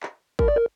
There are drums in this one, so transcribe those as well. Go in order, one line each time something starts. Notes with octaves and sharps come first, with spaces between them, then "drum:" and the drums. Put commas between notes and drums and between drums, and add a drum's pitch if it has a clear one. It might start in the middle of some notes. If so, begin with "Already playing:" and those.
drum: clap
A#4, drum: kick G#1
D5
A#4